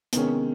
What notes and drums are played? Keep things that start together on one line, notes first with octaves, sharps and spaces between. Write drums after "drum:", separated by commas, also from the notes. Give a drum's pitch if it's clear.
C3 D#3 G#3 B3 C#4, drum: hi-hat